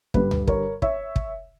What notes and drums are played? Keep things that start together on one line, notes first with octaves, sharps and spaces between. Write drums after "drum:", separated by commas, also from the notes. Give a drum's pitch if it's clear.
G2 D3 G3 B4, drum: kick
drum: tom C#2
A#4 C#5, drum: kick
C#5 E5, drum: kick
drum: kick